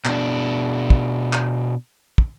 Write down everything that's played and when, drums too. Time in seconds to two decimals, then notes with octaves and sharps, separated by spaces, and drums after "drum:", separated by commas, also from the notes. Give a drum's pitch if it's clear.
0.05 B2 D4, drum: clap
0.90 drum: kick
1.33 drum: clap
2.18 drum: kick